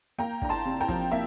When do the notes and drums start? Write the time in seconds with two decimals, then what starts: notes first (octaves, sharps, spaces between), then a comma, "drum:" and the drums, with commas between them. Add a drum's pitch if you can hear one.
0.19 A#3 G5 A#5
0.42 D4 A#5, drum: kick
0.49 A5 C6
0.65 C3
0.80 G5 A#5
0.89 F3, drum: kick
1.11 A#3 E5